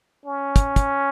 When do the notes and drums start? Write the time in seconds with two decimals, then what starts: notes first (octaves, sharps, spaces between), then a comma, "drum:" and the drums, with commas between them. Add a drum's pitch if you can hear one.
0.25 C#4
0.56 drum: kick, hi-hat
0.76 drum: kick, hi-hat